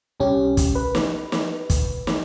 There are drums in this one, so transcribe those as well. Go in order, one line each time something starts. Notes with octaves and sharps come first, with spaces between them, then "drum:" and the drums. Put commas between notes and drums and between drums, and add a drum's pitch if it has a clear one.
C2 C#4 G4
drum: kick, hi-hat
B4
drum: snare
drum: snare
drum: kick, hi-hat
drum: snare